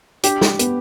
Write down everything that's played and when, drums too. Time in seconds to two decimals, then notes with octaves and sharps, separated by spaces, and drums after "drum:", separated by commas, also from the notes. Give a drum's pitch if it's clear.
0.23 D4 G4, drum: hi-hat
0.41 drum: snare
0.59 B3, drum: hi-hat